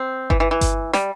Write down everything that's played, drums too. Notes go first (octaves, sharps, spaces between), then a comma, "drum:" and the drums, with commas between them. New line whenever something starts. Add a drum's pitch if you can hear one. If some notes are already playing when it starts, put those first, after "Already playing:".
Already playing: C4
E3, drum: kick G1
E3
E3
drum: kick G1, hi-hat
G3, drum: snare